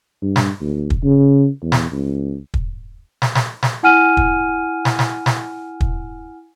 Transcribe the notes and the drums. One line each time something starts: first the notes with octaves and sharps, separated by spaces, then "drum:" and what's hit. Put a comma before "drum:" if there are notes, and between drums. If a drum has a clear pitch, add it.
G2
drum: snare
D2
drum: kick
C#3
E2
drum: snare
C#2
drum: kick
drum: snare
drum: snare
drum: snare
E4 F#5 G#5 F6 D#7
drum: kick
drum: snare
drum: snare
drum: snare
drum: kick